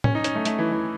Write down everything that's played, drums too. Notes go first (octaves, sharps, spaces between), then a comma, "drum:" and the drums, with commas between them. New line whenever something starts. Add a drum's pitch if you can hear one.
C#4, drum: tom A2
D#4
C#4, drum: hi-hat
A3
A3, drum: hi-hat
E3
E3